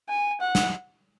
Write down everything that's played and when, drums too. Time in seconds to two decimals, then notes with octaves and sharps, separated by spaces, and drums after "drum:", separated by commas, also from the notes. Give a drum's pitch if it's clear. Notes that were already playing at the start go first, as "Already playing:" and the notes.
0.09 G#5
0.41 F#5
0.55 drum: snare